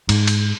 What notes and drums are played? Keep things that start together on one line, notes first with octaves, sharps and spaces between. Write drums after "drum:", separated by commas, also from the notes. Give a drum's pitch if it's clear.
G#2, drum: cymbal
drum: cymbal